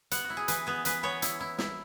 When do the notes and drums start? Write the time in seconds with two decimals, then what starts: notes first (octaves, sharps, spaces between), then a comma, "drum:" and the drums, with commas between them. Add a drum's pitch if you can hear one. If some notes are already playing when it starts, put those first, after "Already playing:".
0.11 B3 F#5, drum: hi-hat
0.24 F#4
0.30 E4
0.37 G#4
0.48 E3 B4, drum: hi-hat
0.67 B3 G#4
0.85 E3 B4, drum: hi-hat
1.03 B3 C#5
1.22 E4, drum: hi-hat
1.41 E4
1.59 E4, drum: snare